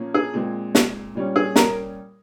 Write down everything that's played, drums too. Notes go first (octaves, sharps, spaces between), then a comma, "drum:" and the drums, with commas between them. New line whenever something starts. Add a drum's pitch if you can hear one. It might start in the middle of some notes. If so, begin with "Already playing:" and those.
Already playing: A#2 F3 A#3 C#4
G#4
A#2 G#3 C4
drum: snare
A#2 G3 C#4
G#4
A#4, drum: snare